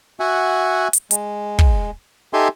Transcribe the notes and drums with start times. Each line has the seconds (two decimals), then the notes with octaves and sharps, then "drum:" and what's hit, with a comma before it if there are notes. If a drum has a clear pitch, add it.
0.20 F#4 E5 F#5 G#5
0.93 drum: hi-hat
1.11 G#3, drum: hi-hat
1.59 drum: kick
2.33 D#4 G4 A4 E5 G#5 C6